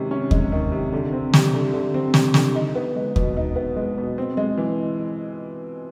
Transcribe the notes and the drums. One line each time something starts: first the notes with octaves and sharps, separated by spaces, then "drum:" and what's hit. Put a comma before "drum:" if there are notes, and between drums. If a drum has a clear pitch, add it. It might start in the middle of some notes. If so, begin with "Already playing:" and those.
Already playing: C3 D#3 G#3 C#4
C#4
G#3, drum: kick
D#3
C3
D3
C4
G3, drum: snare
D3
D3
C4
G3, drum: snare
D3, drum: snare
D#4
B3
G#3
B2, drum: kick
D#4
B3
G#3
B2
C4
G#3
E3